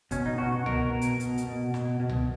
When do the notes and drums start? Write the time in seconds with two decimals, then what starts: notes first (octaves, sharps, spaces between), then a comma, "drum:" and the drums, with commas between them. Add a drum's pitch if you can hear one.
0.11 B2 C#4, drum: kick, hi-hat
0.26 D#4
0.38 B2 F#4
0.52 F#4
0.66 B2 A#4, drum: tom C2
0.92 B2
1.01 drum: hi-hat
1.20 B2, drum: hi-hat
1.37 drum: hi-hat
1.47 B2
1.74 B2, drum: snare
2.00 B2
2.09 drum: tom C2